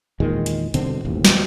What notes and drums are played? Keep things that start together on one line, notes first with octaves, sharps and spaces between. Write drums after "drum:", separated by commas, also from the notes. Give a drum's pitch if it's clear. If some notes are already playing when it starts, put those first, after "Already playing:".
E2 A#2 D#3 G#3
drum: hi-hat
B2 D3 G3 C4, drum: hi-hat
E1 A1 D#2
drum: snare